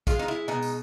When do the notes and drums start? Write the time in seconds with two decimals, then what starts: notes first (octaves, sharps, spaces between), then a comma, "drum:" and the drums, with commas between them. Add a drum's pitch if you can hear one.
0.07 G#3 F4, drum: kick, tambourine
0.19 D#4
0.28 E4
0.48 B2 D#4
0.62 drum: tambourine